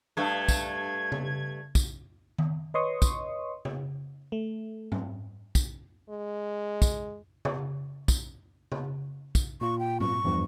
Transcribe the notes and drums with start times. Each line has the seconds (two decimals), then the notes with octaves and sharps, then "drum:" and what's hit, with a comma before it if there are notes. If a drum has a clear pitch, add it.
0.17 G2 A3 G#6
0.48 drum: kick, tambourine
1.12 drum: tom C#3
1.75 drum: kick, tambourine
2.38 drum: tom D#3
2.74 B4 C#5 D#5 C6 C#6 D#6
3.02 drum: kick, tambourine
3.65 drum: tom C#3
4.32 A3
4.92 drum: tom G#2
5.55 drum: kick, tambourine
6.10 G#3
6.82 drum: kick, tambourine
7.45 drum: tom C#3
8.08 drum: kick, tambourine
8.72 drum: tom C#3
9.35 drum: kick, tambourine
9.61 A#2 F4 C#6
9.79 G5
10.00 C#6, drum: tom G#2
10.25 E2 G2 F3